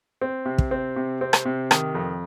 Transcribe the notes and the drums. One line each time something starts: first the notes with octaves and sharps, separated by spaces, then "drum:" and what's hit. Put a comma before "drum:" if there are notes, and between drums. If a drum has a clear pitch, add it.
C4
C3
drum: kick
C4
C3
C4
drum: rim click
C3
D#3, drum: rim click
F2